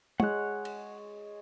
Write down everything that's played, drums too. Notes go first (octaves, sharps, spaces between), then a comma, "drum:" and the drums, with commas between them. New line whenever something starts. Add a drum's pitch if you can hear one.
G#3 C#5 F#5 F#6, drum: tom
drum: cymbal